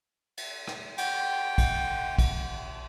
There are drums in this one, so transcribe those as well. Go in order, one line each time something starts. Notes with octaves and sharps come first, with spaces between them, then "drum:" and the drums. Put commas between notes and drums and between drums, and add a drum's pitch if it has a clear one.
drum: cymbal
drum: rim click
F#5 G5, drum: cymbal
drum: kick, cymbal
drum: kick, cymbal